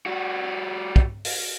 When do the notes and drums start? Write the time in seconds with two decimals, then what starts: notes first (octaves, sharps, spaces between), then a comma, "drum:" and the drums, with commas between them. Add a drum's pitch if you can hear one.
0.06 G3 F#4
0.96 drum: kick
1.25 drum: open hi-hat